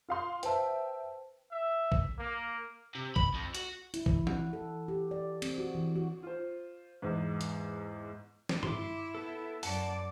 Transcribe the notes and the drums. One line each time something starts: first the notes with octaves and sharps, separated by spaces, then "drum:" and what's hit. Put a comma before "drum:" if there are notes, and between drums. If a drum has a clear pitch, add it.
F4 F5 C6
B4 C5 E5 G5 A5, drum: hi-hat
E5
drum: kick B1
A#3
C3
B5, drum: kick B1
F2
F#4, drum: hi-hat
E4, drum: hi-hat
E3, drum: kick B1
F#5, drum: tom E3
A4
G4
D5
C4, drum: cymbal
F#4
E3
F#4
F4 C5
E2 G#2
drum: hi-hat
drum: snare
E4 C6 D6, drum: tom G2
B3 A4
F#2 D5 F#5 A5, drum: open hi-hat